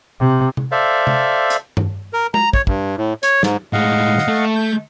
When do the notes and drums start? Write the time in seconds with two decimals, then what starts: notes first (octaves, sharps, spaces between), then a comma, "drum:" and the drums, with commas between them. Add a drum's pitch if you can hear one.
0.20 C3
0.57 drum: tom C3
0.72 A4 C5 D5 E5 F5
1.07 drum: tom C3
1.50 drum: hi-hat
1.77 drum: tom G2
2.13 A#4
2.34 A#5, drum: tom
2.53 C#5, drum: kick
2.67 G2, drum: kick
2.97 A2
3.23 C#5, drum: hi-hat
3.43 G#2, drum: snare
3.73 A2 G#3 D#5 F5 F#5
4.18 drum: snare
4.28 A3
4.56 G6